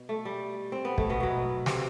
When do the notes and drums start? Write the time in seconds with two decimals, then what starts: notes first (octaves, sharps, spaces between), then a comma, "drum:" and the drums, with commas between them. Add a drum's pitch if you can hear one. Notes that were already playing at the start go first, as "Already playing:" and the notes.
Already playing: B2
0.09 A3
0.25 G3
0.72 C4
0.85 B3
0.98 A3, drum: kick
1.10 B2 B3
1.20 B2 F#3
1.66 C3 C4, drum: snare